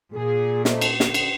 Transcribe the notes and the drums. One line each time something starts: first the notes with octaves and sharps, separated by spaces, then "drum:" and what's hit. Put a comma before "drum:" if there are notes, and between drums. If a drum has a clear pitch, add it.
A#2 G#4
A3 D#4 C5, drum: snare
drum: cymbal
D3, drum: snare
drum: cymbal